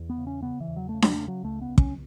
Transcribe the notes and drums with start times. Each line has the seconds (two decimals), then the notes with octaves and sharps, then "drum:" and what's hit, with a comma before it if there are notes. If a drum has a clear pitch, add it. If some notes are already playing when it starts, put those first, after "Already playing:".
Already playing: E2
0.10 B3
0.18 C#3
0.27 C#4
0.42 C#3 B3
0.60 E3
0.68 E2
0.76 F#3
0.89 A3
0.94 C#3
1.02 F#3, drum: snare D4
1.14 C#3 A3
1.28 F#3
1.44 C#2 A3
1.61 B3
1.69 C#2
1.78 C#4, drum: kick